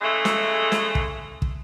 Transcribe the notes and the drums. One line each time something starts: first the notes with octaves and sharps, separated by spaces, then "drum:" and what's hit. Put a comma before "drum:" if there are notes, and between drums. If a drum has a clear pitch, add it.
C#3 E3 G#3 A3
drum: snare
drum: snare
drum: kick
drum: kick